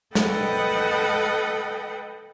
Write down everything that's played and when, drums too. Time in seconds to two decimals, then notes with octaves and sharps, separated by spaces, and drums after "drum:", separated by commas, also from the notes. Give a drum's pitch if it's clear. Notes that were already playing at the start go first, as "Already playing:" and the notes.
0.15 A4 B4 D#5 F#5 G5, drum: snare